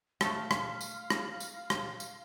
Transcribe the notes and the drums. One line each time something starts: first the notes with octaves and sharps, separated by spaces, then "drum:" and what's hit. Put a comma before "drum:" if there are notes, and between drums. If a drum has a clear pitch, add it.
A3 A4 F5, drum: rim click
drum: rim click
drum: tambourine
drum: rim click
drum: tambourine
drum: rim click
drum: tambourine